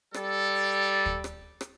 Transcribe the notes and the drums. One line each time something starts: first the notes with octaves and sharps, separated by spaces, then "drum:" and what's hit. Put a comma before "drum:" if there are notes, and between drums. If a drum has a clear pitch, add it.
G3 A4, drum: rim click
drum: kick
drum: rim click
drum: rim click